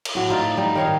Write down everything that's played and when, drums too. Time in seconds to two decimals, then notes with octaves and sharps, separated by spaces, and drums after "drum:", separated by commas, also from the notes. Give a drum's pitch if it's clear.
0.05 drum: cymbal
0.15 A2 F#4
0.30 D#4 F4 D5 E5
0.57 G3 D#4
0.75 D#3 C#5 F5